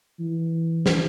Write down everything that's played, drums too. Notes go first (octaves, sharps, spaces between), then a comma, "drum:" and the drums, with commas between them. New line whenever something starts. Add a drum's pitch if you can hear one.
E3
drum: snare